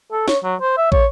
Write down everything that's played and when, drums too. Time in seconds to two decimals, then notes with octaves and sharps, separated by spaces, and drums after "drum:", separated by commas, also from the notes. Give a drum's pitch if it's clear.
0.12 A4
0.28 C#5, drum: snare
0.44 F#3
0.61 C5
0.77 E5
0.92 C#5, drum: kick